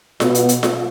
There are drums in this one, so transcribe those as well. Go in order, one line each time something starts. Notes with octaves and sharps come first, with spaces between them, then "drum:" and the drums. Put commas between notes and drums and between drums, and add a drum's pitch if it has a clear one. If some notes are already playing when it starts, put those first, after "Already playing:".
B2 B3, drum: snare F4
drum: hi-hat
drum: hi-hat
drum: snare F4